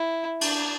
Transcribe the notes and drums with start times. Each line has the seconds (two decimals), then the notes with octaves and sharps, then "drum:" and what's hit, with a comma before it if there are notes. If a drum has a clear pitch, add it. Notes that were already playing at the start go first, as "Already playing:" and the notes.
Already playing: E4
0.41 D4, drum: cymbal